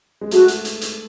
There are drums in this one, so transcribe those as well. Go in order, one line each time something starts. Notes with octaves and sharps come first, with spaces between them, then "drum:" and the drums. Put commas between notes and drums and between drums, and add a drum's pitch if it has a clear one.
G#3
A3 F#4, drum: hi-hat
drum: hi-hat
drum: hi-hat
drum: hi-hat